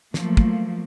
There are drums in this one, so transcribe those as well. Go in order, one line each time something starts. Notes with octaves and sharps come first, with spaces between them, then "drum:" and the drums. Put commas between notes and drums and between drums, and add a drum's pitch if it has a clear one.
F3 F#3 A3 A#3, drum: snare
drum: kick